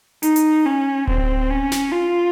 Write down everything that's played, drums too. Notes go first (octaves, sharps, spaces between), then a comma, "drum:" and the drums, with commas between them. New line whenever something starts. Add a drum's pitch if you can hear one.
D#4, drum: hi-hat
drum: hi-hat
C#4
C4, drum: kick D1
C#4
drum: snare
F4